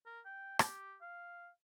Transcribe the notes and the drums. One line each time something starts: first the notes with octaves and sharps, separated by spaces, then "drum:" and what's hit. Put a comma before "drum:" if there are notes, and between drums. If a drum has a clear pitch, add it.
A#4
G5
G4, drum: rim click
F5